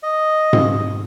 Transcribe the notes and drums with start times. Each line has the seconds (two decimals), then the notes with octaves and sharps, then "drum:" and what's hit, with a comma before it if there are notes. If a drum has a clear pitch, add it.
0.03 D#5
0.53 drum: tom G#2